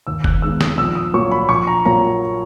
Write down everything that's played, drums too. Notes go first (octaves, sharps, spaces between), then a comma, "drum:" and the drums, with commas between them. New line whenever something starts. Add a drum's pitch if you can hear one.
D#2 E6
F#6, drum: kick F1
D#3 G#3 B3 E6
D#6, drum: snare
A#1 E6
D#6
A#2 F#3 A#3 C#6
B5
A#1 C#6
A#5
A#2 F#3 A#3 A#5